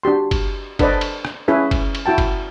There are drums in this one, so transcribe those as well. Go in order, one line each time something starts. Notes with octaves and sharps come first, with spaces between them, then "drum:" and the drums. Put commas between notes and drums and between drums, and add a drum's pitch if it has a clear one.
D4 F#4 G4 C6
drum: kick F#1, cymbal
D4 A4 B4 C5 D5 D#5, drum: kick F#1, cymbal
drum: cymbal
drum: rim click
C#4 E4 G#4 B4
drum: kick F#1, cymbal
drum: cymbal
E4 F#4 G5 A5
drum: kick F#1, cymbal